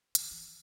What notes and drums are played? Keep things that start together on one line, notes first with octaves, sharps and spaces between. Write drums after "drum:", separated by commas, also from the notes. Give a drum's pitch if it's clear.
D#3, drum: hi-hat
E3